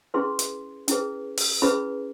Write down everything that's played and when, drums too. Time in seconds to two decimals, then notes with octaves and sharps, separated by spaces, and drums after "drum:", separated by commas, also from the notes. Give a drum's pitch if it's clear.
0.14 C#4 E4 G#4 B4 C6
0.39 drum: hi-hat
0.88 C#4 E4 G#4 B4, drum: hi-hat
1.37 drum: open hi-hat
1.62 C#4 E4 G#4 B4 B5